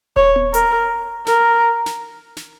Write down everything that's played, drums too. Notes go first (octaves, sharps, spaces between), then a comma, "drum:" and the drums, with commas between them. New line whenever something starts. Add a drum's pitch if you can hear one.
C#5, drum: kick D#1
drum: tom B3
A#4, drum: hi-hat
A#4, drum: snare
drum: snare
drum: snare